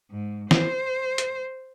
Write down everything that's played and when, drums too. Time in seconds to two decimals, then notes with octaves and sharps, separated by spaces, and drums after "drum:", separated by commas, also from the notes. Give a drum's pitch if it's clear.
0.11 G#2
0.51 C5, drum: snare
1.18 drum: hi-hat